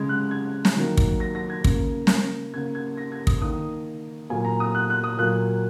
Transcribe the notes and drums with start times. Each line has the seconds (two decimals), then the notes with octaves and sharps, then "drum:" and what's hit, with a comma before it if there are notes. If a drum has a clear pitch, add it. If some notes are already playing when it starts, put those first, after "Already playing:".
Already playing: C#3 G#3 G#6
0.09 F#6
0.31 G#6
0.65 drum: snare
0.77 D#3 F#3 A#3
0.97 drum: kick
1.20 A#6
1.35 A#6
1.50 G#6
1.64 C#3 A#3, drum: kick
2.07 drum: snare
2.54 C#3 A#3 G#6
2.75 G#6
2.97 A#6
3.12 G#6
3.27 D#6, drum: kick
3.42 D#3 A#3 D#6
4.30 A#2 F#3 A#3 G#5
4.45 A#5
4.60 D#6
4.75 F#6
4.90 F#6
5.04 D#6
5.19 A#2 F#3 A#3 F#6